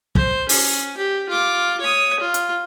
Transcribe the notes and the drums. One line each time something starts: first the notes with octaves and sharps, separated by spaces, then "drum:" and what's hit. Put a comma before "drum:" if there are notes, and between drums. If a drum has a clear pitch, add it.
C5, drum: kick
C#4, drum: open hi-hat
G4
F4 D6
C#5 D#6
F4
drum: hi-hat